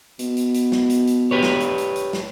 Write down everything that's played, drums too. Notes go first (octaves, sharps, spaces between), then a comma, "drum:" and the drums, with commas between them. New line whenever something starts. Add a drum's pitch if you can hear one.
B2, drum: hi-hat
drum: hi-hat
drum: hi-hat
drum: snare
drum: hi-hat
drum: hi-hat
G4 B4 C#5
drum: snare
drum: hi-hat
drum: hi-hat
drum: hi-hat
drum: snare